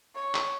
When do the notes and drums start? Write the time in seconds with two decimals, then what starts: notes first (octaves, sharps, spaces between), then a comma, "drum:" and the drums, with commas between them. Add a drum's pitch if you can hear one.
0.15 C#5
0.35 drum: clap